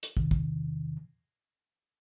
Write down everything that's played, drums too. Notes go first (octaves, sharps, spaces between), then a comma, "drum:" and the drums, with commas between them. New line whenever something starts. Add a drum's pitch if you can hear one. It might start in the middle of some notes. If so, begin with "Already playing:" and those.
drum: hi-hat
E2 C3 D#3, drum: kick
drum: kick